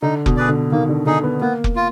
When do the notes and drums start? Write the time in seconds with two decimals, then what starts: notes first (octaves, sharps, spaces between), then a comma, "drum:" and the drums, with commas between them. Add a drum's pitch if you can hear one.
0.02 D3 D#4
0.26 B2, drum: kick F1
0.37 G#4 B4 D5
0.49 D3
0.72 D#3 A#3
0.89 D3
1.06 D3 D#4 G#4
1.24 B3
1.41 A#3 B3
1.64 drum: kick F1
1.76 F4